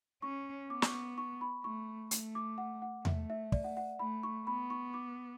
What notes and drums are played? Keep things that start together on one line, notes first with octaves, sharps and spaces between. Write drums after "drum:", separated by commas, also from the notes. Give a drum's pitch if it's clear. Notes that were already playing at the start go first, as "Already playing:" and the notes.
C#4 C#6
B3 D6
C#6, drum: snare
C#6
C#6
B5
A3 C#6
A3, drum: hi-hat
D6
F#5
F#5
A3 E5, drum: tom E2
E5
D5, drum: kick
F#5
F#5
A3 B5
C#6
B3 B5
C#6
D6